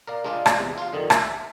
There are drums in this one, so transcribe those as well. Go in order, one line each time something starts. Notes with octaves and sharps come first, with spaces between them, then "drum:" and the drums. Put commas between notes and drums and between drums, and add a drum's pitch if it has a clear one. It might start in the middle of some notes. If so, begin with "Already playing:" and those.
A#4 D5 F5
G#3 D4 F4 D5 F5
drum: rim click
E2 C3
F4 F5
F2 D3 D#3
E5 G#5 A5, drum: rim click